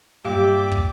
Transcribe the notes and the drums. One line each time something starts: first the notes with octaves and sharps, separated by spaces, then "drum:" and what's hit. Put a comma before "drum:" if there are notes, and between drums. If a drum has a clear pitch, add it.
G2 A#2 G4 D5 E5 F5 G5 D6
drum: kick